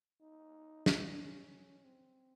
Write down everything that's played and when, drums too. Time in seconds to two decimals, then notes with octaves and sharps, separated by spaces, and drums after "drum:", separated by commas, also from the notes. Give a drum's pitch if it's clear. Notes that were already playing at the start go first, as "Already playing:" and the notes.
0.21 D#4
0.86 D4, drum: snare
1.19 C#4
1.84 C4